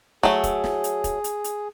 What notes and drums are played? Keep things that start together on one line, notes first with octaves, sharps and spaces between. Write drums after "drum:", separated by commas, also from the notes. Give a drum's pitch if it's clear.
F#3 A3 G#4, drum: snare
drum: kick, hi-hat
drum: snare
drum: hi-hat
drum: kick, hi-hat
drum: hi-hat
drum: hi-hat